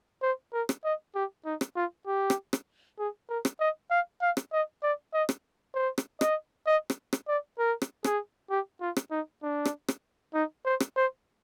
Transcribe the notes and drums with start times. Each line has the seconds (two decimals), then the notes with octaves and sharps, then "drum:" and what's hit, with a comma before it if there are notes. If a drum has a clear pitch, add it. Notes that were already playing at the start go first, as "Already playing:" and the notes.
0.22 C5
0.53 A#4
0.69 drum: rim click
0.84 D#5
1.15 G4
1.45 D#4
1.61 drum: rim click
1.76 F4
2.07 G4
2.30 drum: rim click
2.53 drum: rim click
2.99 G#4
3.29 A#4
3.45 drum: rim click
3.60 D#5
3.91 F5
4.22 F5
4.37 drum: rim click
4.53 D#5
4.83 D5
5.14 D#5
5.29 drum: rim click
5.75 C5
5.98 drum: rim click
6.21 D#5, drum: rim click
6.67 D#5
6.90 drum: rim click
7.13 drum: rim click
7.28 D5
7.58 A#4
7.82 drum: rim click
8.04 G#4, drum: rim click
8.50 G4
8.81 F4
8.97 drum: rim click
9.11 D#4
9.43 D4
9.65 drum: rim click
9.88 drum: rim click
10.34 D#4
10.65 C5
10.80 drum: rim click
10.96 C5